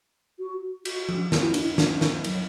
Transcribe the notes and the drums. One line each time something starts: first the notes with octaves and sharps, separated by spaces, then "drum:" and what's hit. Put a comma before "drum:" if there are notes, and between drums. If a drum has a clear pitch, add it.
F#4
F#4, drum: cymbal
drum: tom F3
F#4, drum: snare
E4
D4, drum: cymbal
E4
D4, drum: snare
drum: snare
F#3, drum: cymbal